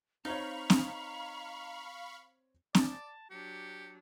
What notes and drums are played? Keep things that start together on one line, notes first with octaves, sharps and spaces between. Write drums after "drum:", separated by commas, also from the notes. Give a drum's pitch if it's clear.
C4 D#4 C#5 F5 A#5 B5 C#6
drum: snare C4
D5 A5, drum: snare C4
F#3 D4 G4 C#7